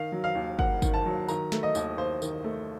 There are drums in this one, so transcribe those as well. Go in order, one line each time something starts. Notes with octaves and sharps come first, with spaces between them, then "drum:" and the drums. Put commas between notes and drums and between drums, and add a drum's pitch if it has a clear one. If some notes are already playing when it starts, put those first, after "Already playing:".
Already playing: D#3 F5
F#3
F5
D#2
A#3 F#5, drum: kick
D#3, drum: kick, tambourine
A5
F#3
D#3 A#5, drum: tambourine
A3, drum: snare
D#5
D#2, drum: tambourine
D#2 C5
D#3, drum: tambourine
A3